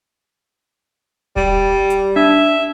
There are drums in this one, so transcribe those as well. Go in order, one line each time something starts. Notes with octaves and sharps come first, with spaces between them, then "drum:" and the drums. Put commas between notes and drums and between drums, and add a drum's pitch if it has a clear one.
G3, drum: kick D#1
drum: hi-hat
D4 E5